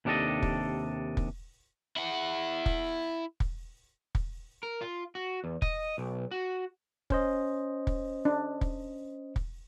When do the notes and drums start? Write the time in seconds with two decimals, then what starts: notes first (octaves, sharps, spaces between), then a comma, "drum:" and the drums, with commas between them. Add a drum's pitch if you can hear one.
0.05 D#2 C3 D4 E4 A4 D#5
0.42 drum: kick
1.17 drum: kick
1.97 E4 F#5
2.66 drum: kick
3.40 drum: kick
4.15 drum: kick
4.63 A#4
4.82 F4
5.15 F#4
5.44 E2
5.62 D#5, drum: kick
5.98 B1
6.31 F#4
7.10 C#4 C5 D#5, drum: kick
7.87 drum: kick
8.25 D4
8.61 drum: kick
9.36 drum: kick